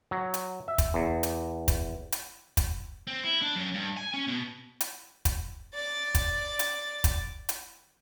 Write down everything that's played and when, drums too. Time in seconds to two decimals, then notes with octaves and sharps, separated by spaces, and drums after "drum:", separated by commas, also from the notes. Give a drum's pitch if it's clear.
0.11 F#3
0.34 drum: hi-hat
0.68 E5
0.78 drum: kick, hi-hat
0.94 E2
1.23 drum: hi-hat
1.68 drum: kick, hi-hat
2.12 drum: hi-hat
2.57 drum: kick, hi-hat
3.07 C4
3.24 E4
3.42 D4
3.56 F#2
3.74 G2
3.97 G#5
4.14 C#4
4.27 B2
4.81 drum: hi-hat
5.25 drum: kick, hi-hat
5.75 D5 A6
6.15 drum: kick, hi-hat
6.59 drum: hi-hat
7.04 drum: kick, hi-hat
7.49 drum: hi-hat